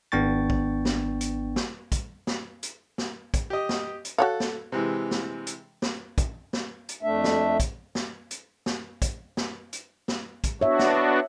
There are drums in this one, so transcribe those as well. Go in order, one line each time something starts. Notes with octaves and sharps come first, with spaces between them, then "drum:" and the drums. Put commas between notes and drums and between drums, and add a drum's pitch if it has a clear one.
G#1 B3 D4 G5 C#6 A6
drum: kick
drum: snare
drum: hi-hat
drum: snare
drum: kick, hi-hat
drum: snare
drum: hi-hat
drum: snare
drum: kick, hi-hat
G4 D#5
drum: snare
drum: hi-hat
F#4 A4 C#5 F5 F#5
drum: snare
C3 E3 G#3
drum: snare
drum: hi-hat
drum: snare
drum: kick, hi-hat
drum: snare
drum: hi-hat
F2 A3 D4 E5
drum: snare
drum: kick, hi-hat
drum: snare
drum: hi-hat
drum: snare
drum: kick, hi-hat
drum: snare
drum: hi-hat
drum: snare
drum: kick, hi-hat
B3 D4 F#4 C#5 E5
drum: snare